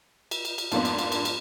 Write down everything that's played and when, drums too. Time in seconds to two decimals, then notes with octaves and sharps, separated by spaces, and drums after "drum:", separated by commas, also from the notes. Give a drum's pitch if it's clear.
0.31 drum: cymbal
0.45 drum: cymbal
0.58 drum: cymbal
0.72 F2 G#2 A#3 B3 D4, drum: cymbal
0.85 drum: cymbal
0.98 drum: cymbal
1.12 drum: cymbal
1.25 drum: cymbal